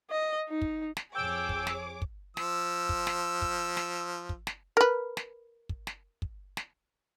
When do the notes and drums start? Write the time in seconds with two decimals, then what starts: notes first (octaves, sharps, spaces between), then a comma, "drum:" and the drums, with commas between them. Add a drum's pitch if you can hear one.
0.10 D#5
0.49 D#4
0.62 drum: kick
0.97 drum: snare
1.14 F2 G#4 C#5 G5 D6 E6 D7
1.49 drum: kick
1.67 drum: snare
2.02 drum: kick
2.37 F3 E6, drum: snare
2.89 drum: kick
3.07 drum: snare
3.42 drum: kick
3.77 drum: snare
4.29 drum: kick
4.47 drum: snare
4.77 A#4 B4
5.17 drum: snare
5.69 drum: kick
5.87 drum: snare
6.22 drum: kick
6.57 drum: snare